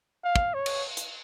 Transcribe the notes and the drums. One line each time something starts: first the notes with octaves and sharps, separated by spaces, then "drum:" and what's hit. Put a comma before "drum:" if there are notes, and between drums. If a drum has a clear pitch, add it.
F5
drum: kick
C#5
drum: cymbal
drum: hi-hat